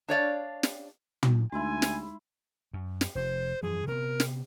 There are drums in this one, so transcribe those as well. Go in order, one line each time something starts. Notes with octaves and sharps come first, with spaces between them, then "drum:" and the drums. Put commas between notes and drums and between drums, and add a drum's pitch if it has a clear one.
D4 C#5 D5 F5
drum: snare
drum: tom
D2 G#3 D#4 E4 G#5 B5 C6
drum: snare
F#2
drum: snare
F1 C5
F#2 E3 F3 G#4
C3 B3 A#4
drum: snare